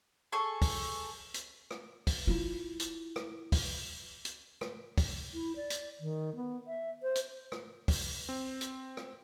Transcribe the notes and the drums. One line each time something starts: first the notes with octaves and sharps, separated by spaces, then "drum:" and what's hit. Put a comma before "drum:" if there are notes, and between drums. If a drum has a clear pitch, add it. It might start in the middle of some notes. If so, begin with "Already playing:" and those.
G#4 A4 C#6
drum: kick, open hi-hat
drum: hi-hat
drum: rim click
drum: kick, open hi-hat
E4 F4
drum: hi-hat
drum: rim click
drum: kick, open hi-hat
drum: hi-hat
drum: rim click
drum: kick, open hi-hat
E4
D5
drum: hi-hat
D#3
B3
E5
C5
drum: hi-hat
drum: rim click
drum: kick, open hi-hat
C4
drum: hi-hat
drum: rim click